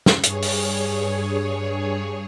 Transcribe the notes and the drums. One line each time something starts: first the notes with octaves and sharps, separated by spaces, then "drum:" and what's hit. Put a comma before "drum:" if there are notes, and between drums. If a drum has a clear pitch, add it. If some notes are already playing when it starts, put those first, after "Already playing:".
drum: snare
G2 G#4 C#5, drum: hi-hat
drum: open hi-hat